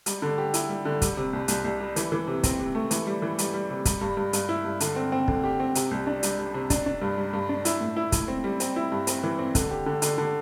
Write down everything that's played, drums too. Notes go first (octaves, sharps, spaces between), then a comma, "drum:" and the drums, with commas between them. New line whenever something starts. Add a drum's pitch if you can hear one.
G3, drum: hi-hat
D3
G4
E4, drum: hi-hat
G3
D3
G3, drum: kick, hi-hat
C3
C2
C2, drum: hi-hat
C2
G3
E3, drum: hi-hat
E3
C3
C4, drum: kick, hi-hat
C3
A3
E3, drum: hi-hat
G3
E3
G3, drum: hi-hat
G3
C3
G3, drum: kick, hi-hat
G2
G2
G2, drum: hi-hat
E4
G2
D3, drum: hi-hat
C4
C4
D3, drum: kick
G4
C4
C3, drum: hi-hat
C2
D4
G3, drum: hi-hat
G3
C3
D4, drum: kick, hi-hat
D4
G2
G3
G2
D4
E4, drum: hi-hat
A2
E4
E4, drum: kick, hi-hat
C4
G3
C4, drum: hi-hat
E4
G2
C4, drum: hi-hat
E3
C4
D3, drum: kick, hi-hat
G4
D3
D3, drum: hi-hat
D3